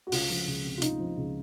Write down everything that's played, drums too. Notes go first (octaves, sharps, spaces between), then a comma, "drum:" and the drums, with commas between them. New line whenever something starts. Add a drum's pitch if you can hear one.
F#4
C#2 F4, drum: open hi-hat
F3
C#2
C3
F4
C#2 D#4, drum: hi-hat
F3
C#2